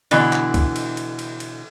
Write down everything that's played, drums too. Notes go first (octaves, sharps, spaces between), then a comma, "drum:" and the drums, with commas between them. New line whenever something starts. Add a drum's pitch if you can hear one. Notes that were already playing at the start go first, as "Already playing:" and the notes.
B2 D3 E3, drum: cymbal
drum: clap
drum: kick, cymbal
drum: cymbal
drum: cymbal
drum: cymbal
drum: cymbal